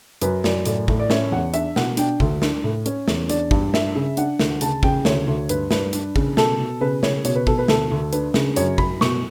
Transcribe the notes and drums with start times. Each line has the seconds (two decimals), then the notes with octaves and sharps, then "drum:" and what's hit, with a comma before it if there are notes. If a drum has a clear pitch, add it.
0.22 F#2 B4, drum: hi-hat
0.44 F#2 D5, drum: snare
0.65 A2 D5, drum: hi-hat
0.88 A2, drum: kick
1.00 D5
1.10 C#4 E5, drum: snare
1.32 E2 F#5
1.54 D4 E5, drum: hi-hat
1.76 B2 F#5, drum: snare
1.97 D4 G5, drum: hi-hat
2.20 D2, drum: kick
2.42 D4, drum: snare
2.64 A2
2.86 C#4, drum: hi-hat
3.08 E2, drum: snare
3.30 D4 D5, drum: hi-hat
3.51 G2, drum: kick
3.74 D4 E5, drum: snare
3.96 C#3
4.17 D4 F#5, drum: hi-hat
4.39 D2, drum: snare
4.61 C#3 A5, drum: hi-hat
4.83 C#3 G5, drum: kick
5.05 D2 C#5, drum: snare
5.27 D2
5.49 G2 B4, drum: hi-hat
5.71 G2 B4, drum: snare
5.93 D4, drum: hi-hat
6.16 C#3, drum: kick
6.37 B2 A4, drum: snare
6.60 B2
6.81 C#3 B4
7.03 C#3 C#5, drum: snare
7.25 B2 C#5, drum: hi-hat
7.36 B4
7.47 B2 A4, drum: kick
7.58 B4
7.68 D2 A4, drum: snare
7.91 D2
8.13 D4 B4, drum: hi-hat
8.34 C#3, drum: snare
8.56 F#2 C#5, drum: hi-hat
8.78 F#2 B5, drum: kick
9.01 B2 C#6, drum: snare